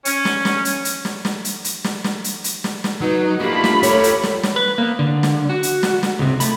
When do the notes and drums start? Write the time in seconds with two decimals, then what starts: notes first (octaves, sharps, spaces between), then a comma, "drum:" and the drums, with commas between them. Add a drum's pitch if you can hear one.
0.05 C#4, drum: hi-hat
0.25 drum: snare
0.45 drum: snare
0.65 drum: hi-hat
0.85 drum: hi-hat
1.05 drum: snare
1.25 drum: snare
1.45 drum: hi-hat
1.64 drum: hi-hat
1.84 drum: snare
2.04 drum: snare
2.24 drum: hi-hat
2.44 drum: hi-hat
2.64 drum: snare
2.84 drum: snare
3.01 F#3 D#4 B4
3.40 A3 A#3 D4 F4 G4 B5
3.64 drum: snare
3.83 G4 A4 A#4 C#5, drum: hi-hat
4.04 drum: hi-hat
4.23 drum: snare
4.43 drum: snare
4.56 B4
4.78 A#3 B3
4.99 D3
5.23 drum: snare
5.50 F#4
5.63 drum: hi-hat
5.83 drum: snare
6.03 drum: snare
6.19 C#2 C3
6.40 A3 B5, drum: hi-hat